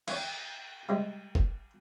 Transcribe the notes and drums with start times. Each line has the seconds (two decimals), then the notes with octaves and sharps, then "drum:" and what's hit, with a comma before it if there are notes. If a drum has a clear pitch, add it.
0.08 E3 C#5, drum: cymbal
0.89 C3 G3 G#3
1.35 drum: kick